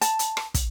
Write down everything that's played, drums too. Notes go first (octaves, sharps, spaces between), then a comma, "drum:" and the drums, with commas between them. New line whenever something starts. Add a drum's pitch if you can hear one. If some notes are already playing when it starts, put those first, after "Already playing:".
A5, drum: hi-hat
drum: hi-hat
drum: rim click
drum: kick, hi-hat